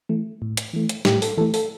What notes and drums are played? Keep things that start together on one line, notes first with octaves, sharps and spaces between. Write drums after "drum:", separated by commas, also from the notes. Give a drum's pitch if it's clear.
E3 A3
A2
drum: hi-hat
E3 A3
drum: hi-hat
A2 G4, drum: snare
A4, drum: open hi-hat
E3 A3 A4
A4, drum: open hi-hat